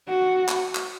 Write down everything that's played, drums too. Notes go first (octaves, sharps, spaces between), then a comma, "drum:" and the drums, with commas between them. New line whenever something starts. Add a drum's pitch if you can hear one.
F#4
drum: clap
drum: clap